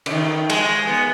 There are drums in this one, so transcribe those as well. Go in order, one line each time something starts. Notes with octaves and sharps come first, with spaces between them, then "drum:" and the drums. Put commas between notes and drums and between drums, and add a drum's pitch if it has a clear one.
C#3, drum: cymbal
D#3
G#3, drum: cymbal
B3